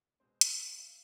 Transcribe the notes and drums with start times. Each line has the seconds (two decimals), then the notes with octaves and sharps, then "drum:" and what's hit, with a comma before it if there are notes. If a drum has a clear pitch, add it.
0.20 B2 G#3 C4 C5
0.41 drum: hi-hat
0.67 F5
0.78 E5
0.87 F5